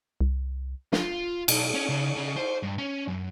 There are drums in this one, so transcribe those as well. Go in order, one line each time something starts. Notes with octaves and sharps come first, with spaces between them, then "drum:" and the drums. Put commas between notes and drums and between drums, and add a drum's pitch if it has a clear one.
C2
F4, drum: snare
B1, drum: cymbal
C#4
C#3
C#3
C5
G2
C#4
F#2